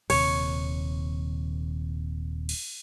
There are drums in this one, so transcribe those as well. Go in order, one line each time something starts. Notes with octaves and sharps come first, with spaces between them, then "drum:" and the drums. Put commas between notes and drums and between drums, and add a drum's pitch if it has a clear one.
D#1 D#2 C3 C#5, drum: cymbal
drum: cymbal